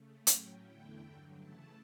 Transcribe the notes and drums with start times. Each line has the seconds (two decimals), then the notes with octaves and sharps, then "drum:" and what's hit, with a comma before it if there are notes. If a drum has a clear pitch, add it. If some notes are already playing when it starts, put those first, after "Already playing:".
Already playing: C#3 A3
0.27 A2 F#3 C#4 G5, drum: hi-hat
0.64 E2 D3 A3 E4 G5
1.03 G2 D3 F#3
1.39 C#3 E3 A3 E4 A5